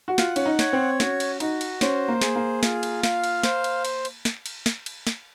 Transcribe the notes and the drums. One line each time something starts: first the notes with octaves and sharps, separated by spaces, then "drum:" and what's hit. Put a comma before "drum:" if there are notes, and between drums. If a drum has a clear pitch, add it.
F#4
F4 F#5, drum: snare
C#4, drum: cymbal
D#4
C#5, drum: snare
C4
C#4 F#4, drum: snare
drum: cymbal
D#4 F#4, drum: cymbal
drum: cymbal
C#4 C5, drum: snare
A#3
G#4, drum: snare
A#3
F4, drum: snare
drum: cymbal
F5, drum: snare
drum: cymbal
C5, drum: snare
drum: cymbal
drum: cymbal
drum: cymbal
drum: snare
drum: cymbal
drum: snare
drum: cymbal
drum: snare